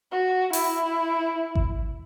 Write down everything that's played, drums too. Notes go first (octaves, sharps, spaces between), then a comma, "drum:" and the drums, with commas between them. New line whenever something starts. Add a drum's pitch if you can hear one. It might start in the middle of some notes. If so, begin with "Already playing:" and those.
F#4
E4, drum: open hi-hat
drum: kick G#1